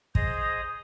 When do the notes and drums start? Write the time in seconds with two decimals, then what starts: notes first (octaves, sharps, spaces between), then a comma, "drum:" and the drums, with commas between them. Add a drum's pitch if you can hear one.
0.15 G#4 C5 D#5 A#5 D#6, drum: kick